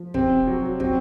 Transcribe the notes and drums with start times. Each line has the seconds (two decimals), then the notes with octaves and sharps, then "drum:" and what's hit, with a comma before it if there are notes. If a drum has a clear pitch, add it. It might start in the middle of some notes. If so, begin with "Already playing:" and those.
Already playing: F3
0.14 C3 C4, drum: kick
0.47 F#3
0.80 F#3 C4, drum: kick